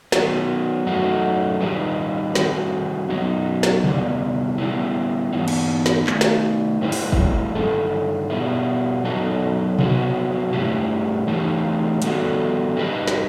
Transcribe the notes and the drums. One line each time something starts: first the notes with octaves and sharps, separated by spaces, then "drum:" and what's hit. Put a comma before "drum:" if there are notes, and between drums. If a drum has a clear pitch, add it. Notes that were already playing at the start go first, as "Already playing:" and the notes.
D#3 F#3 B3, drum: snare
F#2 F#3 A3 D#4 F#4
D#3 G3 D#4 G4 B4
D#3 G3 C4 F#4, drum: snare
F#2 F#3 B3 D#4
drum: snare
C3 D#3 G3 B3, drum: tom C3
G3 B3 E4
E3 B3 D#4
drum: cymbal
drum: snare
D#3 A3 D#4, drum: clap
drum: snare
A2 G3 C4 E4 B4
drum: open hi-hat
drum: kick
G2 D#3 G3 D#4 A4
B2 G3 B3 E4
F#2 F#3 B3 D#4 A4
C3 F#3 B3 F#4 B4, drum: tom B2
G2 E3 A3 E4 G4
E3 A3 D#4 G4
D#3 G3 B3 F#4 A4, drum: hi-hat
G3 D#4 G4 B4
drum: snare